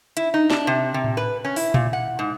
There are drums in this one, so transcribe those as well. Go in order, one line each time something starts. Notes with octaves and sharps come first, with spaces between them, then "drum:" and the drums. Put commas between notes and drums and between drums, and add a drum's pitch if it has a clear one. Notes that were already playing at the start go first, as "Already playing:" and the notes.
E4, drum: hi-hat
D#4
D4, drum: snare
C3
C3
drum: tom A2
B4
C#4
E4, drum: open hi-hat
A#2, drum: tom A#2
F#5
G#2